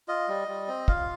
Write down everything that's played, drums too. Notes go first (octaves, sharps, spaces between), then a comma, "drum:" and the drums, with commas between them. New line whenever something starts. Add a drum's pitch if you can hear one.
F4 D#5
G3
G3
C4
F4 F5, drum: kick